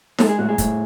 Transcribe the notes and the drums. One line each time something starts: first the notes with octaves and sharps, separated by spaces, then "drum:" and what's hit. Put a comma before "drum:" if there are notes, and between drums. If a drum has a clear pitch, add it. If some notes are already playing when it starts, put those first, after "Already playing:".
G#3 A4, drum: snare D#4
G#4
A2 F#4
G#4
A2, drum: kick, hi-hat